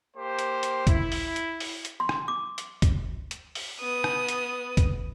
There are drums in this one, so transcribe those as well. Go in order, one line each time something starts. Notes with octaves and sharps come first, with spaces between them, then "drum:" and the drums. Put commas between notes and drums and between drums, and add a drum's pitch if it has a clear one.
A#3 G4 C5
drum: hi-hat
drum: hi-hat
E4, drum: kick, hi-hat
drum: open hi-hat
drum: hi-hat
drum: open hi-hat
drum: hi-hat
C6
drum: rim click
D6
drum: hi-hat
drum: kick, hi-hat
drum: hi-hat
drum: open hi-hat
B3 D#6
drum: rim click
drum: hi-hat
drum: kick, hi-hat